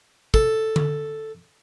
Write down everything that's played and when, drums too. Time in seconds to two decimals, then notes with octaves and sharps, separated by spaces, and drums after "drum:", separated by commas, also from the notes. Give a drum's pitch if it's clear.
0.34 A4, drum: kick
0.76 drum: tom D3